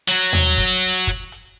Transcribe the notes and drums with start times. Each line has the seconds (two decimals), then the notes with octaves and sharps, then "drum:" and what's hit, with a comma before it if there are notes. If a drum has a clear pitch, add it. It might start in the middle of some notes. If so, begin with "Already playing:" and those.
0.08 F#3 F#4, drum: hi-hat
0.33 drum: tom D#2
0.58 drum: kick, hi-hat
1.07 drum: kick, hi-hat
1.32 drum: hi-hat